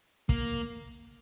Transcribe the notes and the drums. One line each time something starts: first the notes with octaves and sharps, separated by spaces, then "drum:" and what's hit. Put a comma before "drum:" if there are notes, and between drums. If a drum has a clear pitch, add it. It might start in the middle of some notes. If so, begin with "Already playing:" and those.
A#3, drum: kick